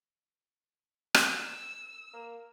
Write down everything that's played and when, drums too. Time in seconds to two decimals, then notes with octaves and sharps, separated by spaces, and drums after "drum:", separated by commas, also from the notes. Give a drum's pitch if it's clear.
1.14 drum: rim click
1.32 E6
2.13 A#3